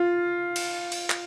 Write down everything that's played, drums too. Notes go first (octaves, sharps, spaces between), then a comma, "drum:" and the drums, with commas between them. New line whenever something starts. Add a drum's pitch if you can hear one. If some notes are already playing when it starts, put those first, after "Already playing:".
Already playing: F4
drum: cymbal
drum: cymbal
drum: clap